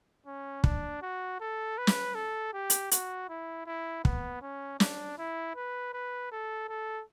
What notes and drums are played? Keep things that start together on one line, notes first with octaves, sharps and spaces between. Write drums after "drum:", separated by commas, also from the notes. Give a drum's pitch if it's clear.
C#4
D4, drum: kick
F#4
A4
B4
drum: snare
A4
G4
drum: hi-hat
F#4, drum: hi-hat
E4
E4
B3, drum: kick
C#4
D4, drum: snare
E4
B4
B4
A4
A4